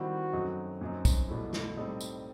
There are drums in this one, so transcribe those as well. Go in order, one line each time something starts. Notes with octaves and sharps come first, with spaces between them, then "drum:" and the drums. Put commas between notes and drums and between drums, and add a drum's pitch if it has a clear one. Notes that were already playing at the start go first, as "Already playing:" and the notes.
Already playing: D#3 G3 C4 E4 F#4
F#2 F#3 A3 C4 D#4
F#2 F#3 C4 D#4
drum: kick, tambourine
C2 B2 A3 E4
drum: snare
A2 G3 C4 D#4 A4
drum: tambourine